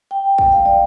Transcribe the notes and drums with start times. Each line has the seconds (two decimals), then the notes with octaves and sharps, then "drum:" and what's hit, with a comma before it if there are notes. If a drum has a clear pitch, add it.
0.11 G5
0.38 drum: kick
0.52 F5
0.65 D5, drum: tom